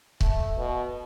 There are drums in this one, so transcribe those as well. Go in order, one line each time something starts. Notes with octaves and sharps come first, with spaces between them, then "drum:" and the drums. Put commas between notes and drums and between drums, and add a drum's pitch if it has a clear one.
A3, drum: kick C#1
B2